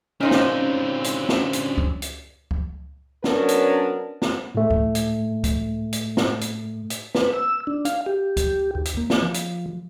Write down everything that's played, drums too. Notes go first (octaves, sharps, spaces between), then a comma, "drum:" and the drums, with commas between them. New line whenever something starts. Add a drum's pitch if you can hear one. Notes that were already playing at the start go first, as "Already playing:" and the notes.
A#2 D3 C4 C#4 D#4 C5
drum: snare
drum: hi-hat
drum: snare
drum: hi-hat
drum: kick C#2
drum: hi-hat
drum: kick C#2
F#3 B3 C#4 D4 A#4 B4, drum: snare
drum: hi-hat
drum: snare
A2 A3
drum: kick C#2
drum: hi-hat
drum: kick C#2, hi-hat
drum: hi-hat
drum: snare
drum: hi-hat
drum: hi-hat
B4, drum: snare
E6
D4
F5, drum: hi-hat
G4
drum: kick C#2, hi-hat
D#2
drum: hi-hat
A#3
drum: snare
F3
drum: hi-hat